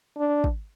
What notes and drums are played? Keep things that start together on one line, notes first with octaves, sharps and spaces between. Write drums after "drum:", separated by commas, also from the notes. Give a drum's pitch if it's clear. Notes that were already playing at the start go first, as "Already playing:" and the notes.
D4
drum: kick